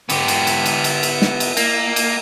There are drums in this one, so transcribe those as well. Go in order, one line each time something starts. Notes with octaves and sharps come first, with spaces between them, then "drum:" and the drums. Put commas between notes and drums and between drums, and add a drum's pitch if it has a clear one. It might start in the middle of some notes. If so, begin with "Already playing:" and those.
B3 G4, drum: cymbal
drum: cymbal
drum: cymbal
drum: cymbal
drum: cymbal
drum: cymbal
drum: snare
drum: cymbal
A#3, drum: cymbal
drum: cymbal